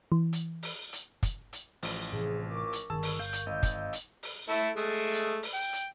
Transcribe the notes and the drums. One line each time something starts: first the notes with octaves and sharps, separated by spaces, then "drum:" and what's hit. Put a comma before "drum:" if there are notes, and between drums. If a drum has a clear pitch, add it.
E3
drum: hi-hat
drum: open hi-hat
drum: hi-hat
drum: kick, hi-hat
drum: hi-hat
A1 F3, drum: open hi-hat
A2 C3 E3 G#4
A#4 C#6 D6
drum: hi-hat
D1 G1 D#3 G#4 A5 E6
drum: open hi-hat
F5 G6
drum: hi-hat
G#1 D#5 F5 E6
drum: kick, hi-hat
drum: hi-hat
drum: open hi-hat
A3 E4 A4
G#3 A3
drum: hi-hat
drum: open hi-hat
G5
drum: hi-hat